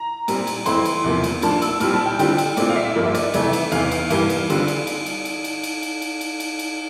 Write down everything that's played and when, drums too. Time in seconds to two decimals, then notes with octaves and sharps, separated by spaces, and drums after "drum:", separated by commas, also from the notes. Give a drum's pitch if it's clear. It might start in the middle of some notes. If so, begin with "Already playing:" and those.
Already playing: A#5
0.28 A#2 G3 C4, drum: cymbal
0.47 drum: cymbal
0.66 F2 E3 A3 C4 E4 C6, drum: cymbal
0.85 drum: cymbal
1.04 E2 C3 F3 A#3
1.24 drum: cymbal
1.42 A2 F3 A#3 D4 F4 A5, drum: cymbal
1.62 E6, drum: cymbal
1.80 A#2 G3 C4 F4 F6, drum: cymbal
1.94 A5
2.06 G5
2.19 D3 G3 C4 F4 G5, drum: cymbal
2.38 drum: cymbal
2.57 A#2 A3 C4 F4 D5, drum: cymbal
2.69 F5
2.76 E5
2.95 G2 F3 A#3 F4
3.06 E5
3.15 D5, drum: cymbal
3.34 F2 C3 E3 A3 E5, drum: cymbal
3.53 drum: cymbal
3.72 E2 C3 E3 F5, drum: cymbal
3.91 drum: cymbal
4.10 G2 E3 G3 A#3, drum: cymbal
4.30 drum: cymbal
4.50 D3 G3 C4 F4, drum: cymbal
4.68 drum: cymbal
4.87 drum: cymbal
5.06 drum: cymbal
5.25 drum: cymbal
5.44 drum: cymbal
5.63 drum: cymbal
5.83 drum: cymbal
6.02 drum: cymbal
6.21 drum: cymbal
6.40 drum: cymbal
6.59 drum: cymbal